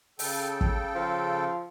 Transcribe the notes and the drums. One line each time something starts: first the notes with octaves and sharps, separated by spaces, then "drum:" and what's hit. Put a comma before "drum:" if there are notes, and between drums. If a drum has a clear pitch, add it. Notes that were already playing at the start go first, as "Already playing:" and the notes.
C#3 A4 G5, drum: open hi-hat
drum: kick
F3